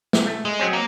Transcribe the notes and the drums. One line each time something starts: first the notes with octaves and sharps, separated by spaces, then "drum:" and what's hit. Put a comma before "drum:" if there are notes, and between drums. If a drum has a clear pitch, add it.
drum: snare
A3
G#3
F#3 C4 C#4
A#3